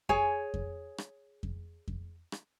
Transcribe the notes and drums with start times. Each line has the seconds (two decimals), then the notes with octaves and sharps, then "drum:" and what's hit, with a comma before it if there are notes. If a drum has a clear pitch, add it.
0.09 G#4 C#5 G#5, drum: kick F2
0.54 drum: kick F2
0.98 drum: rim click
1.43 drum: kick F2
1.88 drum: kick F2
2.32 drum: rim click